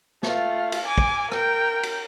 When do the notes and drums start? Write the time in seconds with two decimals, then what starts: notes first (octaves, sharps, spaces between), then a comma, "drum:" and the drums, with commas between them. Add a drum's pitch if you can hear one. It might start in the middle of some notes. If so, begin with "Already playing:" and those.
0.23 A3 F4, drum: snare
0.72 drum: cymbal
0.85 G#5 D6
0.98 drum: kick
1.31 A#4 G5, drum: rim click
1.83 drum: cymbal